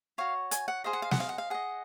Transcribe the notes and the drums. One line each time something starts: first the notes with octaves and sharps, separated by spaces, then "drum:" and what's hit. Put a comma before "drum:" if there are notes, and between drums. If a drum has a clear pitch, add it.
F#4 C#5 F5
G#5, drum: hi-hat
F#5
G#4 C5 D#5 F5
F#5
F5
F#5, drum: snare
F5
F#5
F5
G#4 D#5 F#5